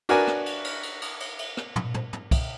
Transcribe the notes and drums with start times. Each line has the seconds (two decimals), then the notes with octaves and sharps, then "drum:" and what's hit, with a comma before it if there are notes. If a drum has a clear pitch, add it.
0.09 D4 F#4 A#4 B4 D5 G#5, drum: cymbal
0.27 drum: rim click
0.46 drum: cymbal
0.65 drum: cymbal
0.83 drum: cymbal
1.02 drum: cymbal
1.20 drum: cymbal
1.39 drum: cymbal
1.57 drum: rim click
1.76 drum: tom
1.94 drum: tom
2.13 drum: tom
2.31 drum: kick, cymbal